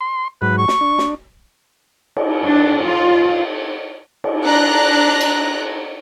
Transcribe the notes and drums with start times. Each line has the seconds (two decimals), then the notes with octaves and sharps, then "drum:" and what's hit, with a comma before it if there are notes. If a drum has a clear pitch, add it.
0.01 C6
0.42 G#2 F#3 B4
0.58 C#6
0.68 drum: snare
0.81 D4
0.98 drum: snare
2.16 drum: cymbal
2.46 D4
2.85 F4
4.24 drum: cymbal
4.44 D4 A#5 F#6
5.21 drum: cymbal